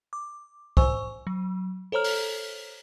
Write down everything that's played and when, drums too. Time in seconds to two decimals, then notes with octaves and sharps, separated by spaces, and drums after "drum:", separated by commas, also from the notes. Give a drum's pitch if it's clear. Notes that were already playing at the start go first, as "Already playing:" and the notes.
0.13 D6
0.77 C5 G#5 C#6 E6, drum: kick
1.27 F#3
1.92 A4 C5 C#5 A#5 F6
2.04 drum: open hi-hat